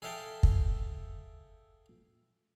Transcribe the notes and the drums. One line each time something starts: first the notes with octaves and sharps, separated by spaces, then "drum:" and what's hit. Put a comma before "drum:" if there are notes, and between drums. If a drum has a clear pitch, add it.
G#4 A4 E5 F5 G5 A5
drum: kick